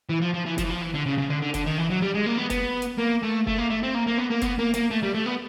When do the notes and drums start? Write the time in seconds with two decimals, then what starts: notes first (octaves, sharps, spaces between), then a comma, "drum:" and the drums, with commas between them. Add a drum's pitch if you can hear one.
0.09 E3
0.22 F3
0.34 F3
0.46 E3
0.58 F3, drum: kick F1, hi-hat
0.64 E3
0.71 F3
0.82 E3
0.94 D3
1.06 C#3
1.18 C#3
1.30 D3
1.42 D3
1.54 D3, drum: kick F1, hi-hat
1.66 D#3
1.78 E3
1.90 F#3
2.02 G3
2.15 G#3
2.26 A#3
2.38 B3
2.50 B3, drum: kick F1, hi-hat
2.82 drum: hi-hat
2.98 A#3
3.22 A3
3.47 A3, drum: kick F1
3.58 A#3
3.70 A3
3.83 C4
3.94 A#3
4.07 A#3
4.18 B3
4.30 A#3
4.42 B3, drum: kick F1, hi-hat
4.59 A#3
4.74 A#3, drum: hi-hat
4.90 A3
5.03 G3
5.14 A3
5.26 B3